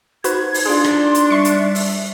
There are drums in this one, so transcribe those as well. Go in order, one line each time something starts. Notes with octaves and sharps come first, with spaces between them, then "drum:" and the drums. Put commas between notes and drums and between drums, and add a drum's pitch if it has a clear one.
D#4 F#4 B4 C5 G#6, drum: hi-hat
drum: open hi-hat
D4 F4 G#4 C6
drum: rim click
drum: hi-hat
G3 E5 C6 C#6 C#7
drum: hi-hat
drum: open hi-hat